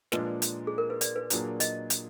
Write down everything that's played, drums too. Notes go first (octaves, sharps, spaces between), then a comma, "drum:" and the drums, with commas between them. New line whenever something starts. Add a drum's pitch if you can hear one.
A#2 F3 G#3 D4 B4, drum: snare
drum: hi-hat
G#4
A#4
B4
D5, drum: hi-hat
B4
A#2 F#3 A#3 D4 G#4, drum: hi-hat
D#5, drum: hi-hat
drum: hi-hat